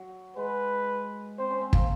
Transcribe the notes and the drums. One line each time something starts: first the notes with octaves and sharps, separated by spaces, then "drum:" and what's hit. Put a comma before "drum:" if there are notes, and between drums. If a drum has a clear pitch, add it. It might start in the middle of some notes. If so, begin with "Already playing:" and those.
Already playing: F#3
G#3 B4
C4 C5
C#4
C4
A#3, drum: kick